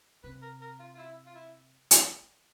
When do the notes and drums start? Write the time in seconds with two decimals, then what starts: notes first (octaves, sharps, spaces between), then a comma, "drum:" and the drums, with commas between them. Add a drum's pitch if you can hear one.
0.24 C3 B4
0.42 A#4
0.62 A#4
0.80 F4
0.95 F4
0.98 E4
1.26 F4
1.35 E4
1.91 drum: hi-hat